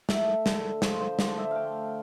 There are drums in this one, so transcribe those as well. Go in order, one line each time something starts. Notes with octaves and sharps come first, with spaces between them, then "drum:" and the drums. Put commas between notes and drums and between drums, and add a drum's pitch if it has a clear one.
A3 E5, drum: snare
D3, drum: snare
F3 C5, drum: snare
C5
D3 D5, drum: snare
E5
A3 F5 G5